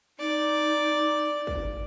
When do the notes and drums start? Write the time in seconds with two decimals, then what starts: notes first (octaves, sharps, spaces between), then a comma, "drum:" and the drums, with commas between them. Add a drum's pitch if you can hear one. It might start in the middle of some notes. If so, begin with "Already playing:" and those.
0.19 D#4 D5
1.47 drum: kick